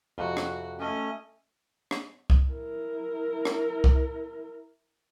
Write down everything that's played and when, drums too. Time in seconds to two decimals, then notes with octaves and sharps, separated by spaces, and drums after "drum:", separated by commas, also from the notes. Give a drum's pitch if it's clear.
0.18 F2 C3 F#4
0.37 drum: rim click
0.79 A3 C#4 D#5
1.91 drum: rim click
2.30 drum: kick C2
2.49 E4 A#4
3.45 drum: rim click
3.84 drum: kick C2